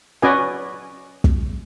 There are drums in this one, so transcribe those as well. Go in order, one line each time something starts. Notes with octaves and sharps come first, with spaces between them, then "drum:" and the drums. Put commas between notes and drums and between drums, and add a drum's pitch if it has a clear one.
C#4 F#4 B4 D5 D#5 G#5
drum: kick